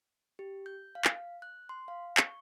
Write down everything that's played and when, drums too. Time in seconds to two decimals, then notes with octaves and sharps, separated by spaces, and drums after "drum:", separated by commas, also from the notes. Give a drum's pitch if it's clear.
0.39 G4
0.66 G6
0.95 F5
1.05 drum: clap
1.42 F#6
1.69 C6
1.88 F5
2.17 C#6, drum: clap